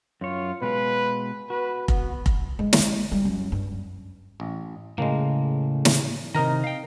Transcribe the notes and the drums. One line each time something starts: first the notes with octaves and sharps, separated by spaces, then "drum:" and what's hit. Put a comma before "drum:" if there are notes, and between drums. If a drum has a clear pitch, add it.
F#2 F4 C#5
B2 G#3 B4 F5
F#4 B4
B3, drum: kick F1
drum: kick F1
G#3
drum: snare
G3
F#2
G2
F#2
A1
A2 C#3 G#3 A#3
drum: snare
C3 D#3 D#4 A#4 A#5
F5 G5